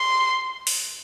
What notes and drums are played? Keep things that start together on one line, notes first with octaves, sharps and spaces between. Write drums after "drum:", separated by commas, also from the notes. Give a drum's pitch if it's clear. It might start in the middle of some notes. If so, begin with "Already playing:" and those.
Already playing: C6
drum: open hi-hat